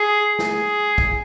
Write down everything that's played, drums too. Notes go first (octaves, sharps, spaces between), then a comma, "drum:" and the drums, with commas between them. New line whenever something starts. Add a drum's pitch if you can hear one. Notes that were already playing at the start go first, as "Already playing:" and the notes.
Already playing: G#4
G#4, drum: snare
drum: kick